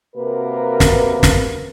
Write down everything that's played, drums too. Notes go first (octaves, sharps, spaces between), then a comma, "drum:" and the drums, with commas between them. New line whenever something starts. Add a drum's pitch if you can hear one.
C3 A#3 F#4 A#4 B4
drum: snare
drum: snare